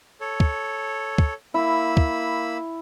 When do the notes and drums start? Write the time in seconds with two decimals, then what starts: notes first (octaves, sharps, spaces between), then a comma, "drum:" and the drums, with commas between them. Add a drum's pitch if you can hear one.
0.20 A4 C#5
0.40 drum: kick
1.18 drum: kick
1.54 A#3 E4 B5 E6
1.97 drum: kick